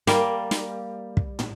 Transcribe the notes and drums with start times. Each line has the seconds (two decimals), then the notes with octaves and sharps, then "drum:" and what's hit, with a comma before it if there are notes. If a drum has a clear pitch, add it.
0.07 G3 A#3, drum: snare
0.51 drum: snare
1.17 drum: kick
1.39 drum: tom